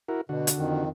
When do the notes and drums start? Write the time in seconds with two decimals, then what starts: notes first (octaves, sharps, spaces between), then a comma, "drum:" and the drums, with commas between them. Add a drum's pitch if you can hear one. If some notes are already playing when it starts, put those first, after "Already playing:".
0.08 E4 F#4 A#4
0.29 B2 D3 F#4
0.47 drum: hi-hat
0.56 F2 D#3